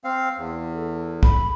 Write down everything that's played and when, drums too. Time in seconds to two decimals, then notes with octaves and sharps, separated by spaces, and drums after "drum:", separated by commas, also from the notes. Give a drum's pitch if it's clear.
0.04 C4 F5
0.38 E2
0.75 A4
1.23 B5, drum: kick